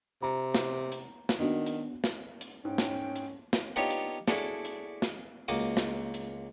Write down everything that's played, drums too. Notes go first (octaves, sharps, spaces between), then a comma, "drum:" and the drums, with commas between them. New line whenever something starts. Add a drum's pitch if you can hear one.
C3 A#5
drum: snare
drum: hi-hat
drum: snare
D#3 B3 D4 F#4
drum: hi-hat
drum: snare
drum: hi-hat
G#2 C#4 G5
drum: snare
drum: hi-hat
drum: snare
B3 D4 D#4 F4 G4 C#5
drum: hi-hat
D4 E4 F#4 G#4 A4 D5, drum: snare
drum: hi-hat
drum: snare
C#2 A#3 F#4 D6 D#6
drum: snare
drum: hi-hat